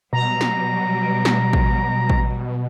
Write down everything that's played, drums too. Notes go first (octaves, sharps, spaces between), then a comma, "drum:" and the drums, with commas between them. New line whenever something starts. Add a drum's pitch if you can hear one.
B2 F#3 G3 A#5
drum: snare
drum: snare
drum: kick A1
drum: kick A1